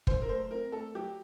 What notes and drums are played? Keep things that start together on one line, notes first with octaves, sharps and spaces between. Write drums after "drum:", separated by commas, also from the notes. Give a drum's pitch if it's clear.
F#2 C5, drum: kick
A#4
A3 C5
C4 A#4
A3 A4
F#3 G4